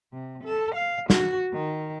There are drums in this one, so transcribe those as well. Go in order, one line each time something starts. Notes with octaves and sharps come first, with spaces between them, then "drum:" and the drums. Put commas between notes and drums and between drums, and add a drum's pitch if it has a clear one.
C3
A4
F5
F#4, drum: snare
D#3